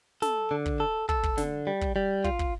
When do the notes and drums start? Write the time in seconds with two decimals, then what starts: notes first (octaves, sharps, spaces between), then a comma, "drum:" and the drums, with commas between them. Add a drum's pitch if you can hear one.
0.22 A4, drum: snare
0.51 D3
0.66 drum: kick
0.80 A4
1.09 A4, drum: kick
1.23 drum: kick
1.38 D3, drum: snare
1.67 G3
1.81 drum: kick
1.96 G3
2.24 F4, drum: kick
2.39 drum: kick